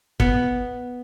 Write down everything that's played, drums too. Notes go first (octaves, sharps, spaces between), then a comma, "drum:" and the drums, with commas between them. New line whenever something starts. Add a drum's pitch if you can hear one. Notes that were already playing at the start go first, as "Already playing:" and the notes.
B3, drum: kick